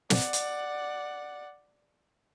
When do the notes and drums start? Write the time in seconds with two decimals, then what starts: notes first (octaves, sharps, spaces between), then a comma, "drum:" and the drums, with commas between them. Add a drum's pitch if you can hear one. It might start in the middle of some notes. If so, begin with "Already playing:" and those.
0.10 D5 F#5, drum: snare
0.33 drum: hi-hat